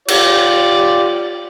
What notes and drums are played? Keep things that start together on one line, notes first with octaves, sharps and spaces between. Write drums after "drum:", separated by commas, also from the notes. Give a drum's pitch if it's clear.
F4 G4 D5, drum: cymbal